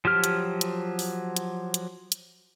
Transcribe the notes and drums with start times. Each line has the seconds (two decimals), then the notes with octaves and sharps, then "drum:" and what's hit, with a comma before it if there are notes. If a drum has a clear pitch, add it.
0.05 F3 F#3 G4 F6
0.24 drum: hi-hat
0.61 drum: hi-hat
0.99 drum: open hi-hat
1.37 drum: hi-hat
1.74 drum: hi-hat
2.12 drum: hi-hat